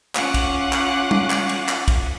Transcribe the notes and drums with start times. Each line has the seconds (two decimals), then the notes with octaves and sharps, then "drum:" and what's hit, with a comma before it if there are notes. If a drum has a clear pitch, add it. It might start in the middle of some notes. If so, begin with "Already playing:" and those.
0.15 C#4 F4 F#5 D6 F#6, drum: clap
0.34 drum: kick, cymbal
0.73 drum: clap
1.11 drum: tom G3
1.30 drum: clap
1.49 drum: cymbal
1.69 drum: clap
1.88 drum: kick, cymbal